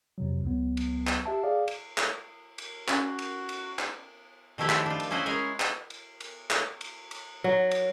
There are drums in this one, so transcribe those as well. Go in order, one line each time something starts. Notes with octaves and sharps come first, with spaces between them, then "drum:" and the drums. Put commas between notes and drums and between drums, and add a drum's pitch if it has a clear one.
F2 C3 F#3
C#2 F#3 B3
drum: cymbal
drum: clap
G4 E5 A5
G#4 D5 F5
drum: cymbal
drum: clap
drum: cymbal
C#4 F#4, drum: clap
drum: cymbal
drum: cymbal
drum: clap
D#3 F3 A3 E4 G4
drum: clap
D4 F4
drum: cymbal
C#4 E4 C5 D#5 F#5
G#3 C#4 G#4 A#4 C#5
drum: clap
drum: cymbal
drum: cymbal
drum: clap
drum: cymbal
drum: cymbal
F#3
drum: cymbal